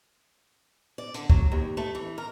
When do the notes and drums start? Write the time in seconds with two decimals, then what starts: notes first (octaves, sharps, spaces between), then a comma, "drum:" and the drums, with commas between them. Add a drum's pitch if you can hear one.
0.98 D5
1.14 D3, drum: hi-hat
1.30 F#3, drum: kick
1.52 D#2
1.77 A3
1.95 E3
2.18 A#4